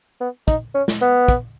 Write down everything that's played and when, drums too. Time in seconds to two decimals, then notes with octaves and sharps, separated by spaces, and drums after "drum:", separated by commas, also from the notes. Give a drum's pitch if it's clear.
0.21 B3
0.48 D#4, drum: kick, hi-hat
0.75 C#4
0.88 drum: snare
1.02 B3
1.28 drum: kick, hi-hat